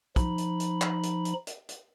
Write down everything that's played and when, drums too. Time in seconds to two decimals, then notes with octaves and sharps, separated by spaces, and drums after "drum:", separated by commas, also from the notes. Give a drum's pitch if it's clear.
0.16 F3 D#4 B5, drum: kick, hi-hat
0.38 drum: hi-hat
0.60 drum: hi-hat
0.82 drum: clap
1.03 drum: hi-hat
1.25 drum: hi-hat
1.47 drum: hi-hat
1.69 drum: hi-hat